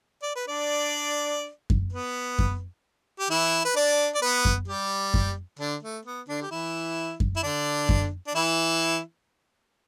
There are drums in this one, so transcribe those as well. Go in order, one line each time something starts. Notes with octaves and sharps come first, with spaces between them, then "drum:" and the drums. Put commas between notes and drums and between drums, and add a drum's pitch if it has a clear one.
D5
B4
D4 D5
drum: kick F#2
B3 B4
drum: kick F#2
G4
E3 E4
B4
D4 D5
D5
B3 B4
drum: kick F#2
G3 G4
drum: kick F#2
D3 D4
A3
B3
D3 D4
G4
E3 E4
drum: kick F#2
E4
D3 D4
drum: kick F#2
D4
E3 E4